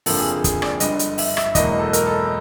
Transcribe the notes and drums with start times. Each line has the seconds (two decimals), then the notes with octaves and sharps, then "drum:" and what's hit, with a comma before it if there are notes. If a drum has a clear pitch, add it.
0.06 F#1 F2 D3 F3 A#3 A4, drum: open hi-hat
0.19 G#4
0.32 G#4
0.44 G#4, drum: kick, hi-hat
0.62 D5, drum: rim click
0.80 G1 G2 D3 D#5, drum: hi-hat
0.99 drum: hi-hat
1.18 E5, drum: open hi-hat
1.37 E5, drum: rim click
1.55 E1 E2 B2 F#3 A#3 D#5, drum: kick, hi-hat
1.79 A4
1.93 A#4, drum: hi-hat
2.06 A4